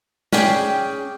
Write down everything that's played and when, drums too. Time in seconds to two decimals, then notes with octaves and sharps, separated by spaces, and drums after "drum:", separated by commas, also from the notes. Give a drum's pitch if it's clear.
0.33 C#4 G#4 D5 G5, drum: snare